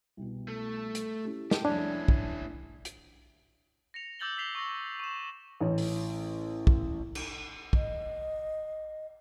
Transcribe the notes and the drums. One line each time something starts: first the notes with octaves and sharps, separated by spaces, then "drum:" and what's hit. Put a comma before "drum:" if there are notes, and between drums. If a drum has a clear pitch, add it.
C2 B2
A3
drum: hi-hat
C#4 E4 G4
G4 A5, drum: snare
F1 C2 C#4 D4 E4
drum: kick
drum: hi-hat
A#6 C#7 F7
D6 E6 G6 A6 F#7 G7
E6 G6 B6 C7 F7 G7
C#6 E6 A#6
C#6 E7
A1 C#5
drum: open hi-hat
drum: kick
drum: cymbal
D#5, drum: kick